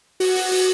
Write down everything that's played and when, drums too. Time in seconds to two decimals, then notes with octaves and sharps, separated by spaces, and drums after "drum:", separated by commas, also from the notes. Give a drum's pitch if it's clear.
0.20 F#4, drum: open hi-hat
0.35 drum: open hi-hat
0.51 drum: open hi-hat